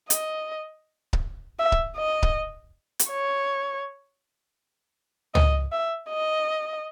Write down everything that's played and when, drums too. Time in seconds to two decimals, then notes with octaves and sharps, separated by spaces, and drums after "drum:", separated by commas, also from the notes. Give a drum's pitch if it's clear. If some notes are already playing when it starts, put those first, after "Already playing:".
0.10 D#5, drum: hi-hat
1.13 drum: kick C#1
1.59 E5
1.72 drum: kick C#1
1.97 D#5
2.23 drum: kick C#1
2.99 drum: hi-hat
3.10 C#5
5.35 D#5, drum: tom
5.72 E5
6.10 D#5